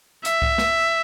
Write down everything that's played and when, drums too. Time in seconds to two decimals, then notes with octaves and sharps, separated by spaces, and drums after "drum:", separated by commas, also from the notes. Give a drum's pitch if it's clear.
0.25 E5, drum: hi-hat
0.42 drum: kick C2
0.58 drum: snare